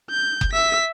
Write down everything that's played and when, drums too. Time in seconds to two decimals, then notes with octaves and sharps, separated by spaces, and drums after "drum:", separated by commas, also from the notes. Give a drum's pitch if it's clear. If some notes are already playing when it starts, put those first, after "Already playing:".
0.11 G6
0.41 drum: kick F#1
0.53 E5 B6